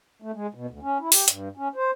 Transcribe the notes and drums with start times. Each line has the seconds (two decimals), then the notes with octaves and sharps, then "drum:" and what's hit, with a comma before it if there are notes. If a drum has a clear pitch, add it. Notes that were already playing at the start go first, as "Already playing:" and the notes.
0.22 A3
0.34 G#3
0.54 B2
0.70 D2
0.83 C#4
1.01 E4
1.12 G4, drum: open hi-hat
1.28 G2, drum: hi-hat
1.57 C#4
1.75 C5